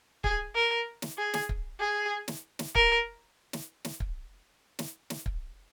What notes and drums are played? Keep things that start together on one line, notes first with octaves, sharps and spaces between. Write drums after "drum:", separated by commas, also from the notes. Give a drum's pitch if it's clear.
G#4, drum: kick
A#4
drum: snare
G#4
drum: snare
drum: kick
G#4
drum: snare
drum: snare
A#4, drum: kick
drum: snare
drum: snare
drum: kick
drum: snare
drum: snare
drum: kick